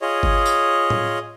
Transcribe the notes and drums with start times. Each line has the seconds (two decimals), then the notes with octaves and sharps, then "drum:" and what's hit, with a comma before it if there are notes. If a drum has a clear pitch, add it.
0.01 F4 G#4 C#5 D#5
0.23 drum: kick G1
0.46 drum: tambourine
0.90 drum: tom A2